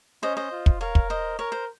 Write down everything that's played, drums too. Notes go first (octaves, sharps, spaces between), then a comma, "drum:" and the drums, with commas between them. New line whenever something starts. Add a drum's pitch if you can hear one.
C#4 C5 D#5
C5 D#5
F4
drum: kick
A#4 C#5 F5
drum: kick
C5 D#5
A#4 C#5
C5